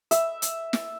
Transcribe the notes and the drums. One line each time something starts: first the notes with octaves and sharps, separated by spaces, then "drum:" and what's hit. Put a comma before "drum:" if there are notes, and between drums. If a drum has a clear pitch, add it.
E5, drum: hi-hat
drum: hi-hat
drum: snare